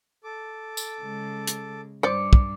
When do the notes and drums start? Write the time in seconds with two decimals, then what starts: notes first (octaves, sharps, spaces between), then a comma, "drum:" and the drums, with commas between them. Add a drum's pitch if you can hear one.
0.24 A4 D6
0.77 drum: tambourine
1.02 C#3 G#3
1.47 drum: hi-hat
2.03 G2 G3 D4 C5 D5 D6 C#7
2.33 drum: kick